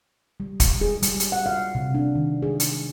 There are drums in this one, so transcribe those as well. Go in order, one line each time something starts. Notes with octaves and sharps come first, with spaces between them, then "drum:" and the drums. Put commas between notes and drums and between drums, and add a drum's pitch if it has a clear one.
G3
drum: kick, hi-hat
G#4
G3, drum: hi-hat
drum: hi-hat
F#5
F5
C3
D4
D#3
G#4
drum: hi-hat